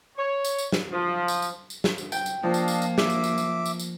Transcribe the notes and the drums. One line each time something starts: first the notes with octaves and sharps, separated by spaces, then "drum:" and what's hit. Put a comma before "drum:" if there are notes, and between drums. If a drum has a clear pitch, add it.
C#5
drum: tambourine
drum: tambourine
drum: snare
F3
drum: tambourine
drum: tambourine
drum: tambourine
drum: snare
drum: tambourine
G5, drum: tambourine
drum: tambourine
F3 A#3 D4 D#5 F5
drum: tambourine
drum: tambourine
drum: tambourine
E5 D6, drum: snare
drum: tambourine
drum: tambourine
drum: tambourine
drum: tambourine
drum: tambourine